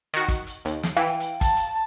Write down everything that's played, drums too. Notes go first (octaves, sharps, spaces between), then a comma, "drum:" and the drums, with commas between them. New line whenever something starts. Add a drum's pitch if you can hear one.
D#3 F#4
drum: kick, hi-hat
drum: hi-hat
D#2, drum: hi-hat
drum: snare
E3 F5 G5
drum: hi-hat
A5, drum: kick, hi-hat
drum: hi-hat